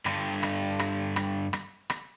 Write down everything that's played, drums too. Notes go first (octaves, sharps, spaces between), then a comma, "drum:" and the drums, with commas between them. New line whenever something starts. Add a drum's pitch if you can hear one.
G2 D3, drum: rim click
drum: rim click
drum: rim click
drum: rim click
drum: rim click
drum: rim click